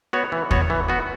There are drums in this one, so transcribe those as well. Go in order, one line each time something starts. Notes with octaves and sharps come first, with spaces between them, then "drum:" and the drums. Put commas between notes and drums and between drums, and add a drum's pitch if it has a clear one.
B3 F#4 C#5
E3
B3 F#4 C#5, drum: kick
E3
B3 F#4